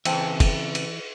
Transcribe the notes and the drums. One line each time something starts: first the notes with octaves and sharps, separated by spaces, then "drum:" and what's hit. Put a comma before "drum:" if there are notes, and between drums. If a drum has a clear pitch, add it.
C#3 E3 C4 C5 E5 G5 A5, drum: cymbal
drum: kick, cymbal
drum: cymbal